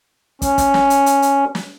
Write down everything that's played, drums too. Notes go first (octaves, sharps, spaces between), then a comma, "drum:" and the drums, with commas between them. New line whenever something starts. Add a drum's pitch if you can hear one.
C#4, drum: kick, hi-hat
drum: kick, hi-hat
drum: snare
drum: hi-hat
drum: hi-hat
drum: hi-hat
drum: snare